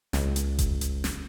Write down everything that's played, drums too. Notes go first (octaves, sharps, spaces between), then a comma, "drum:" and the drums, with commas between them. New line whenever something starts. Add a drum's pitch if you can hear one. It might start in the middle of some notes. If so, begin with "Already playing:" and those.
C#2, drum: snare
drum: hi-hat
drum: kick F1, hi-hat
drum: hi-hat
drum: snare